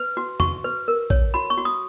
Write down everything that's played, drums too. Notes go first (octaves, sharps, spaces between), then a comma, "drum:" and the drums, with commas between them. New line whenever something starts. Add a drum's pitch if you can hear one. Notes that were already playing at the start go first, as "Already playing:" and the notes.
Already playing: B4
F#4
F#4 C#6, drum: tom E2
B4
A#4
C#5, drum: kick
F#4 B5
C#6
F#4
D#6